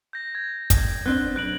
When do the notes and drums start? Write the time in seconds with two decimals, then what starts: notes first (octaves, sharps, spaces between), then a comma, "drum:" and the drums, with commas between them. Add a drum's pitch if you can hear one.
0.13 G6 A#6
0.35 G#6
0.70 drum: kick, hi-hat
1.06 B3 C4 D4 F#6 G7
1.36 B1 F#6 D7 F#7